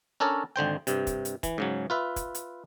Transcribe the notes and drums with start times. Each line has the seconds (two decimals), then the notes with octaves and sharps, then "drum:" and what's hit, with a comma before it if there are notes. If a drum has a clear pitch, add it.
0.20 C#4 D4 A4 A#4 C#5 D5
0.56 G#1 D3 C5 G5
0.87 G2 C3, drum: hi-hat
1.07 drum: kick, hi-hat
1.25 drum: hi-hat
1.43 E3, drum: kick, hi-hat
1.58 G#2 C#3 F#3
1.90 F4 B4 E5
2.16 drum: kick, hi-hat
2.35 drum: hi-hat